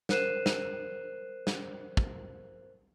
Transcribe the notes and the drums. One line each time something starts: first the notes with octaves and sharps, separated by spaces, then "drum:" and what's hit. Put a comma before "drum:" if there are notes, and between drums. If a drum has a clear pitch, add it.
A#4 C5 F#6 C7 D#7 E7, drum: snare
drum: snare
drum: snare
drum: kick